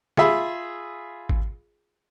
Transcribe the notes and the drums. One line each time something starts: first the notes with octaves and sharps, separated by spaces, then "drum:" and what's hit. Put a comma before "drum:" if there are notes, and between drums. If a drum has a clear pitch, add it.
F4 G#4 E5 B5, drum: snare
drum: kick G#1